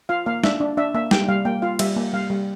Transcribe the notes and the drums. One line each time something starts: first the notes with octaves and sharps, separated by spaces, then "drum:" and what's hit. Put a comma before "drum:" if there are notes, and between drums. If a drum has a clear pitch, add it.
F4 F5
A#3 F5
D4 E5, drum: snare
D4
D4 E5
A#3 E5
G3 G5, drum: snare
G3 F5
A#3 G5
F4 F5
G3 E5, drum: cymbal
A#3
G3 F5
G3